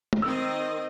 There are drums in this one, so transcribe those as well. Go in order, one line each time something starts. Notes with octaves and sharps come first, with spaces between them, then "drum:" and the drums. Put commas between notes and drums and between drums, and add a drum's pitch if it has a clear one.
drum: tom
D#3 C4 D#5 E6